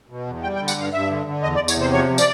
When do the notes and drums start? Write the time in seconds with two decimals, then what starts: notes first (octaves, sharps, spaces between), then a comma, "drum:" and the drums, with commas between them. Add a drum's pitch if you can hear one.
0.10 B2
0.26 E2
0.43 G3 G5
0.56 G5
0.60 D3
0.68 F#5, drum: tambourine
0.77 G2 F5
0.93 G2 E5
1.10 D3
1.26 D3
1.43 E2 D#5
1.55 D5
1.60 E2
1.68 C#5, drum: tambourine
1.76 C3 C5
1.93 F3 C#5
2.10 F3
2.18 D5, drum: tambourine